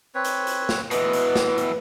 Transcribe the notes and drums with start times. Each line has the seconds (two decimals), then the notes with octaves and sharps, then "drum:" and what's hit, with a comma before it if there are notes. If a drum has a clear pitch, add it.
0.15 C4 B4 C#5
0.24 drum: hi-hat
0.47 drum: hi-hat
0.69 drum: snare
0.91 B2 E3 B4 D#5, drum: hi-hat
1.13 drum: hi-hat
1.35 drum: snare
1.58 drum: hi-hat